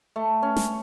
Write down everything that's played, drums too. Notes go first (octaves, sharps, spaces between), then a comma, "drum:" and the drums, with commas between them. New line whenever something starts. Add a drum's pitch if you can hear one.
A3
C#4
drum: snare